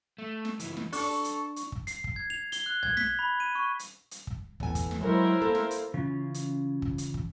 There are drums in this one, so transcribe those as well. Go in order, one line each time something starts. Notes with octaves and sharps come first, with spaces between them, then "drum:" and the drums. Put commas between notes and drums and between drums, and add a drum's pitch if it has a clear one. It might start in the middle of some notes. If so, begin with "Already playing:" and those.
A3
drum: snare
C#2 E3, drum: hi-hat
drum: snare
D4 A4 C#6, drum: open hi-hat
drum: hi-hat
drum: hi-hat
drum: kick
C7, drum: hi-hat
drum: kick
G#6
F7
G7, drum: hi-hat
F#6
G#6, drum: tom B1
B6, drum: snare
B5
D#7
C#6
drum: hi-hat
drum: hi-hat
drum: kick
E2 A2 G#5, drum: kick
drum: kick, hi-hat
drum: snare
F#3 G#3 E4 A#4 C5
A#3 A4
drum: snare
drum: hi-hat
C#3 E3 C#4 F4
drum: hi-hat
drum: kick
drum: hi-hat
drum: kick